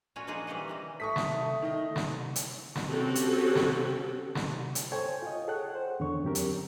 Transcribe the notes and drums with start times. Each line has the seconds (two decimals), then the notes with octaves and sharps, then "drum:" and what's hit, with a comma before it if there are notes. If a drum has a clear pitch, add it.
0.16 A#2 C#4 F4 F#4 C#5
0.27 F3 A#3 D#4 F4 G#4 F#5
0.47 D#3 E3 G3 G4 D#5 F#5
0.68 C3 E3 G3
1.00 A3 C#6 D#6 B6
1.16 drum: snare
1.41 A3
1.62 D#3 D#5
1.96 drum: snare
2.36 drum: hi-hat
2.75 drum: snare
2.90 C4 C#4 F#4 G4 A4
3.15 drum: hi-hat
3.55 drum: snare
4.35 drum: snare
4.75 drum: hi-hat
4.92 A4 C5 C#5 G5 G#5 G#6
5.22 F4 D#5
5.48 G#4 A4 C#5 F#5 G5 F#6
5.75 C5
6.00 E2 D3 D4 C#5 C#6
6.24 F#2 C4 G4 A#4
6.35 drum: hi-hat